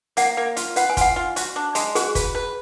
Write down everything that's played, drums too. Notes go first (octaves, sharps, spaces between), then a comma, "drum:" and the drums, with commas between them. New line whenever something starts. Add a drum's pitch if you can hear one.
A#3 F#5, drum: hi-hat
A#3
F4, drum: hi-hat
B4 F#5, drum: hi-hat
G#5
F4 F#5, drum: kick, hi-hat
F4
F#4, drum: hi-hat
D4
G#3, drum: hi-hat
F#4 G#4, drum: hi-hat
B4, drum: kick, hi-hat
B4